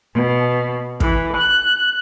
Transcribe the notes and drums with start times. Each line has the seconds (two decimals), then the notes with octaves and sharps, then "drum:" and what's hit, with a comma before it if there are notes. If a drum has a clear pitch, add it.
0.15 B2
1.00 E3, drum: kick
1.36 F#6